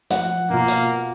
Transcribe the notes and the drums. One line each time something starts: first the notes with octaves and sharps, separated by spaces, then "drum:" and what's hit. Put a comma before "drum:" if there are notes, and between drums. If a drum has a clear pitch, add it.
F3 F#5, drum: hi-hat
B2 A#3 F4
drum: hi-hat